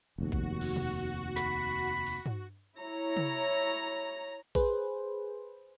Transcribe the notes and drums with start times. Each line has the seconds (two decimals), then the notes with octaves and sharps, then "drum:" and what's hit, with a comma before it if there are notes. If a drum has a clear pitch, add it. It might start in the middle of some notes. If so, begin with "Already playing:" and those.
0.18 F1 D#2 F#4
0.32 drum: kick A#1
0.61 drum: cymbal
0.76 drum: tom
1.37 B5, drum: snare
2.06 drum: open hi-hat
2.26 drum: tom G2
2.77 E4 C#5 A#5
3.17 drum: tom
4.55 G#4 B4 C5, drum: kick A#1